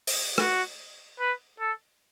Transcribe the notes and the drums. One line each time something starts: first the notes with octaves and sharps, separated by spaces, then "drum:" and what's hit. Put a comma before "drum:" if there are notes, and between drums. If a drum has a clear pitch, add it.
drum: open hi-hat
F#4, drum: rim click
B4
A4